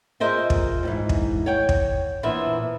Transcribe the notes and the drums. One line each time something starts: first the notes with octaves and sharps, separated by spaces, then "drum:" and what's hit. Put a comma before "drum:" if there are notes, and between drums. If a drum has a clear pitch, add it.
F4 G#4 A#4 C5 D#5 E5
drum: kick
D#2 G#2 E3
drum: kick
C#5 F#5 G5
drum: kick
A#2 E3 B3 D4 C5 E5